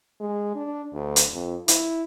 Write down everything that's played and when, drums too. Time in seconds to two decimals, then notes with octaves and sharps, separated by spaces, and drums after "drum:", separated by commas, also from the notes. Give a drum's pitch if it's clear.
0.20 G#3
0.55 D4
0.93 D2
1.16 drum: hi-hat
1.33 F2
1.68 E4, drum: hi-hat